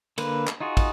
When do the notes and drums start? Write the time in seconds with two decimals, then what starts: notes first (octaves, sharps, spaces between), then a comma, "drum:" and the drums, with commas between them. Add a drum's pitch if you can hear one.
0.18 D3 A#3 B4, drum: cymbal
0.47 drum: clap
0.60 D#4 F4 F#4 G#4
0.77 drum: kick, cymbal